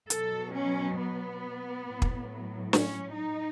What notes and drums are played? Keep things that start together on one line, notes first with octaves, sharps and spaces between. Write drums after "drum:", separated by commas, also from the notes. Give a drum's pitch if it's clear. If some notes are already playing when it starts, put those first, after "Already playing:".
B2 F#3 A4, drum: hi-hat
C#4
B3
A2 F#3
drum: kick
C#4, drum: snare
D#4